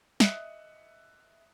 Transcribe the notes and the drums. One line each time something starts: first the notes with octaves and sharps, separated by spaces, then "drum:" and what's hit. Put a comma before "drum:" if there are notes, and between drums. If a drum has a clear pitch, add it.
D#5 E5 D#6 F#6 C#7, drum: snare